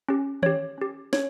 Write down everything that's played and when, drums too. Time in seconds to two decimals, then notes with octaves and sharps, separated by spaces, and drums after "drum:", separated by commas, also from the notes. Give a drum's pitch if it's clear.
0.09 C#4 G4
0.43 C#4 G4 C#5, drum: tom D#3
0.78 C#4 G4
1.13 C#4 C#5, drum: snare